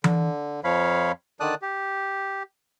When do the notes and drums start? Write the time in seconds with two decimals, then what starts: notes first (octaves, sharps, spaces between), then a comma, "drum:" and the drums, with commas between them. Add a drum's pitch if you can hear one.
0.04 D3, drum: tom E3
0.64 F2 F3 C#5 F5 B5
1.40 D3 D#3 D5 A5 D#6 F#6
1.62 G4